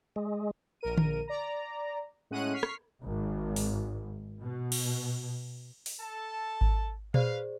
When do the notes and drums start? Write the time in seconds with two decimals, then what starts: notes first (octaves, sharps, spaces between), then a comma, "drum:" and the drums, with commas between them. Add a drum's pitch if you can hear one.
0.16 G#3
0.81 A#1 A#4 D#7
0.97 drum: tom D3
1.28 D5 A#5
2.30 A2 G#3 C#4 F#5 F#6 D#7
2.53 C#6 F6 B6 C7
2.63 drum: rim click
3.03 G#1
3.56 drum: open hi-hat
4.41 B2
4.72 drum: cymbal
5.86 drum: open hi-hat
6.00 A4 A5
6.61 drum: kick G#1
7.14 G#4 B4 C5 D5 F5, drum: tom A#2